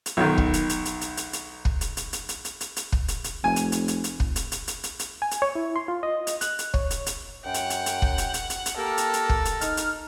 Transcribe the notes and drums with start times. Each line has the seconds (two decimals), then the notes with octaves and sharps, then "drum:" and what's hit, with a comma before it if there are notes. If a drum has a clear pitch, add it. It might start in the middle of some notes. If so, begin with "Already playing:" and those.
0.06 drum: hi-hat
0.17 B1 D#3
0.38 drum: kick
0.54 drum: hi-hat
0.69 drum: hi-hat
0.85 drum: hi-hat
1.01 drum: hi-hat
1.17 drum: hi-hat
1.33 drum: hi-hat
1.65 drum: kick
1.81 drum: hi-hat
1.97 drum: hi-hat
2.13 drum: hi-hat
2.29 drum: hi-hat
2.45 drum: hi-hat
2.61 drum: hi-hat
2.76 drum: hi-hat
2.92 drum: kick
3.08 drum: hi-hat
3.24 drum: hi-hat
3.44 F1 G#5
3.56 drum: hi-hat
3.72 drum: hi-hat
3.88 drum: hi-hat
4.04 drum: hi-hat
4.20 drum: kick
4.36 drum: hi-hat
4.52 drum: hi-hat
4.68 drum: hi-hat
4.84 drum: hi-hat
4.99 drum: hi-hat
5.22 G#5
5.31 drum: hi-hat
5.42 C#5
5.55 E4
5.76 C6
5.88 F4
6.03 D#5
6.27 drum: hi-hat
6.41 F#6, drum: hi-hat
6.59 drum: hi-hat
6.74 C#5, drum: kick
6.91 drum: hi-hat
7.06 drum: hi-hat
7.45 F#2 F#5 G5
7.54 drum: hi-hat
7.70 drum: hi-hat
7.86 drum: hi-hat
8.02 drum: kick
8.18 drum: hi-hat
8.34 drum: hi-hat
8.50 drum: hi-hat
8.66 drum: hi-hat
8.77 A#3 G4 A4 A#4
8.98 drum: hi-hat
9.13 drum: hi-hat
9.29 drum: kick
9.45 drum: hi-hat
9.61 D#4 F6, drum: hi-hat
9.77 drum: hi-hat